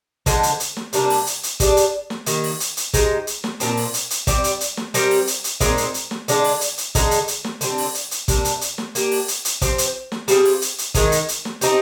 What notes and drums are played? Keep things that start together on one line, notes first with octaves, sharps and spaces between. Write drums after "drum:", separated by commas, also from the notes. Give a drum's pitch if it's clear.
D3 F3 G#3, drum: kick, hi-hat
drum: hi-hat
drum: hi-hat
drum: snare
C3 G3 A#3 D4, drum: hi-hat
drum: open hi-hat
drum: hi-hat
drum: hi-hat
G3 D4 G#4 D5, drum: kick, hi-hat
drum: hi-hat
drum: snare
D#3 G3 A#3, drum: hi-hat
drum: open hi-hat
drum: hi-hat
drum: hi-hat
G#3 D#4 G4 C5, drum: kick, hi-hat
drum: hi-hat
drum: snare
A#2 F3 C4, drum: hi-hat
drum: open hi-hat
drum: hi-hat
drum: hi-hat
G3 C4 G4 D5, drum: kick, hi-hat
drum: hi-hat
drum: hi-hat
drum: snare
G3 C4 G4 A#4, drum: hi-hat
drum: open hi-hat
drum: hi-hat
drum: hi-hat
A#2 G#3 C4 D#4, drum: kick, hi-hat
drum: hi-hat
drum: hi-hat
drum: snare
D3 G#3 D4, drum: hi-hat
drum: open hi-hat
drum: hi-hat
drum: hi-hat
D3 G#3 D#4 G#4, drum: kick, hi-hat
drum: hi-hat
drum: hi-hat
drum: snare
D3 G3 C4, drum: hi-hat
drum: open hi-hat
drum: hi-hat
drum: hi-hat
C3 G3 A#3 D4, drum: kick, hi-hat
drum: hi-hat
drum: hi-hat
drum: snare
A#3 D4 G4, drum: hi-hat
drum: open hi-hat
drum: hi-hat
drum: hi-hat
F3 C4 G4 C5, drum: kick, hi-hat
drum: hi-hat
drum: snare
G3 C4 F4 G#4, drum: hi-hat
drum: open hi-hat
drum: hi-hat
drum: hi-hat
D#3 G#3 D#4, drum: kick, hi-hat
drum: hi-hat
drum: hi-hat
drum: snare
C4 D#4 G4, drum: hi-hat